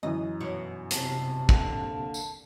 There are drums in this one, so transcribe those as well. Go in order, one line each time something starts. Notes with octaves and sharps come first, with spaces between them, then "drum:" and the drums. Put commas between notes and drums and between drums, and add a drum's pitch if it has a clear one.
F#2 E3 D#5
G2 B2 C#5
C3 A5, drum: hi-hat
D3 A#3, drum: kick
drum: tambourine